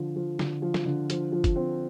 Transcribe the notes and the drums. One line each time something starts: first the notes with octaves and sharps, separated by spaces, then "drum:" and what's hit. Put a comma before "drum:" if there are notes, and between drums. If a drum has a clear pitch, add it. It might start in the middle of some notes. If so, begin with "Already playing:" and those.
Already playing: D3 F3
F3
D3, drum: snare
F3
drum: snare
D3
F3, drum: hi-hat
F3
drum: kick F#1, hi-hat
C4